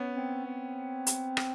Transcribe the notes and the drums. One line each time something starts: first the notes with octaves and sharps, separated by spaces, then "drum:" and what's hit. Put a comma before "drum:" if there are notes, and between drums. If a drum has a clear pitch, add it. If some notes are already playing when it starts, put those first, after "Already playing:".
Already playing: B3 C#4
C4
C4
drum: hi-hat
drum: rim click